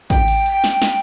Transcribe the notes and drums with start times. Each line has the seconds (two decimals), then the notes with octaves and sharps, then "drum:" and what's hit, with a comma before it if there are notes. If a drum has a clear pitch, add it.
0.10 G5, drum: kick, hi-hat
0.28 drum: open hi-hat
0.46 drum: hi-hat
0.64 drum: snare
0.82 drum: snare